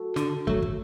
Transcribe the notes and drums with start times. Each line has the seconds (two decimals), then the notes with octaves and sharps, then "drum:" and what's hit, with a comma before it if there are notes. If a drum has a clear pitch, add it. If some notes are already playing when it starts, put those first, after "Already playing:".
Already playing: F#4 A4
0.16 D3, drum: snare
0.47 F#3 A3, drum: kick
0.62 drum: kick